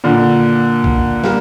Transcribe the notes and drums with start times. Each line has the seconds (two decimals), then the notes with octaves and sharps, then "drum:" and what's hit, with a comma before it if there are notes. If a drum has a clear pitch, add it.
0.04 A#2 D3
0.84 drum: kick
1.24 G3 A#3, drum: snare